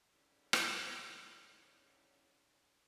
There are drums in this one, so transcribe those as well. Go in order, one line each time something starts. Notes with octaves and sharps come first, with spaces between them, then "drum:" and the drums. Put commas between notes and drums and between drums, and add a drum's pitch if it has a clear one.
G#2 D3 D#3 G3 C#4 E4
drum: rim click